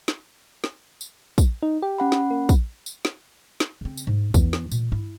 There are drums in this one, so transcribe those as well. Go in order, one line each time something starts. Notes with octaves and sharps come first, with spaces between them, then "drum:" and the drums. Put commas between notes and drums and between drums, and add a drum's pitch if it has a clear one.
drum: snare
drum: snare
drum: tambourine
drum: kick, tambourine
D#4
G4
C#4 F#5 B5
drum: snare
A#3
drum: kick, tambourine
drum: tambourine
drum: snare
drum: snare
C#3 C4
drum: tambourine
G#2
E2, drum: kick, tambourine
drum: snare
A#2, drum: tambourine
E4, drum: tom G2